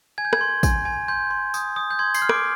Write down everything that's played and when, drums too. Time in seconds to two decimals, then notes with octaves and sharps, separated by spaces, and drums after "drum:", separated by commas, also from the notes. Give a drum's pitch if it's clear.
0.18 G#5 G#6
0.25 G6
0.33 G#6, drum: rim click
0.41 C6
0.63 G#5, drum: kick A1, tambourine
0.85 G#5
1.08 C6 G6
1.31 C6
1.54 D#6, drum: tambourine
1.76 D#6
1.91 G6
1.99 C6 G#6
2.14 C6 C7, drum: tambourine
2.22 F6
2.29 D6 D7, drum: rim click